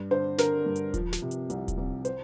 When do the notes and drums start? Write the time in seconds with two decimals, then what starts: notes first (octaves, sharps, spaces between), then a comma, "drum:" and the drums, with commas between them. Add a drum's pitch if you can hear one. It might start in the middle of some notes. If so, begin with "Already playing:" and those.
Already playing: G2
0.11 D3 C5
0.38 D3 A#4, drum: snare
0.66 G2
0.76 drum: hi-hat
0.94 F3, drum: kick D#1, hi-hat
1.13 drum: snare
1.22 C3
1.31 drum: hi-hat
1.50 C2, drum: hi-hat
1.68 drum: kick D#1, hi-hat
1.78 C2
2.05 C5, drum: hi-hat